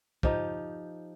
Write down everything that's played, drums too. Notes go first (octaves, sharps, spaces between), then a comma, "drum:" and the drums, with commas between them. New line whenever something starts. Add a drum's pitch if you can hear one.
F3 D#4 G4, drum: kick